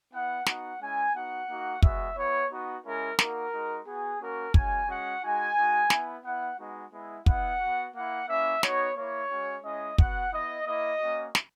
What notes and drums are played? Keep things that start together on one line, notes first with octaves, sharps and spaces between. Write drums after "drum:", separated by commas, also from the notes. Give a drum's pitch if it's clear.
B3 E4 F#5
B3 D#4 F#4 F#5, drum: snare
G#3 C#4 E4 G#5
B3 D#4 F#4 F#5
A#3 D#4 F#4
G#3 B3 F#4 E5, drum: kick
B3 E4 C#5
B3 D#4 F#4
G#3 C#4 E4 A#4
A#3 D#4 F#4 A#4, drum: snare
G#3 D#4 F#4
B3 F#4 G#4
A#3 C#4 F#4 A#4
G#3 C#4 F#4 G#5, drum: kick
G#3 C#4 F#4 F#5
G#3 D#4 F#4 G#5
G#3 D#4 F#4
B3 E4, drum: snare
B3 E4 F#5
G#3 B3 D#4 F#4
G#3 B3 E4
B3 E4 F#5, drum: kick
B3 F#4
A#3 E4 F#5
A#3 C#4 E4 E5
B3 D#4 F#4 C#5, drum: snare
A#3 E4 C#5
G#3 C#4 F#4
G#3 C#4 E4 D#5
B3 F#4 F#5, drum: kick
B3 E4 D#5
A#3 E4 D#5
A#3 C#4 F#4
drum: snare